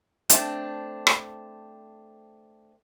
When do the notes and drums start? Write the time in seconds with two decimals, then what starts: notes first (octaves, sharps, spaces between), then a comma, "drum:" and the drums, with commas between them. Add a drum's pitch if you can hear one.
0.29 A3 C4 D4, drum: hi-hat
1.07 drum: rim click